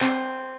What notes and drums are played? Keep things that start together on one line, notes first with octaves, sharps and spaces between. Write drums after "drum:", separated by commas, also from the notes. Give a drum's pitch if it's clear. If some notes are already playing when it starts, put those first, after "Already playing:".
C4, drum: clap